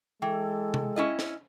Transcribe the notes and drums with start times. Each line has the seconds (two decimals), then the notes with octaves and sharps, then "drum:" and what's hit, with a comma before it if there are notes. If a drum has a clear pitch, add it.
0.22 E3 G#3 A4 G5
0.74 drum: tom C3
0.96 C#4 E4 D#5
1.19 drum: snare